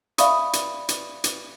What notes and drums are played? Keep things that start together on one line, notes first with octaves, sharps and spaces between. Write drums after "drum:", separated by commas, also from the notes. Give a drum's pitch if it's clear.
D5 E5 F5 B5 C#6 D#6, drum: hi-hat
drum: hi-hat
drum: hi-hat
drum: hi-hat